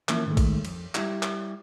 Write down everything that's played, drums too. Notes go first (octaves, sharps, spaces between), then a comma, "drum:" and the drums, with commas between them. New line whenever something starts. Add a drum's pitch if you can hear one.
E3 F3 A#3 C#4 E4, drum: clap
G#2 D#3 G#3 A3
drum: kick A1, cymbal
F2, drum: cymbal
G3 E4 G4, drum: clap
drum: clap